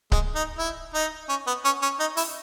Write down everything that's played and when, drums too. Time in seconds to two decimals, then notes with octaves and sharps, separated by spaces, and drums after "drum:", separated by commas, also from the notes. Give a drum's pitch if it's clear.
0.12 G#3, drum: kick C#1
0.35 D#4
0.58 E4
0.94 D#4
1.29 C#4
1.47 B3
1.64 C#4
1.82 C#4
2.00 D#4
2.17 E4, drum: open hi-hat